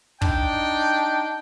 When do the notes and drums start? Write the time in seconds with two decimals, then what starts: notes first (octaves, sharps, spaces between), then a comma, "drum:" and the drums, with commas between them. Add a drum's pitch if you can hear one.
0.22 D4 D#4 G5, drum: kick